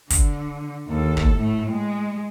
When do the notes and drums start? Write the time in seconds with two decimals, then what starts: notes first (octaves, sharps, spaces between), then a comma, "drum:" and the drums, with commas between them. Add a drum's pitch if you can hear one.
0.10 D3, drum: kick, hi-hat
0.88 D#2 A4
1.17 drum: kick
1.37 A2 A3
1.71 G#3